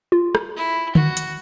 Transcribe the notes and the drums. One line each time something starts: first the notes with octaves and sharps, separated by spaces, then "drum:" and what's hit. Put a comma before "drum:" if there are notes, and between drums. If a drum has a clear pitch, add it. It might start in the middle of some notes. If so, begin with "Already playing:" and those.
F4
drum: rim click
E4
F#4, drum: tom D3
drum: hi-hat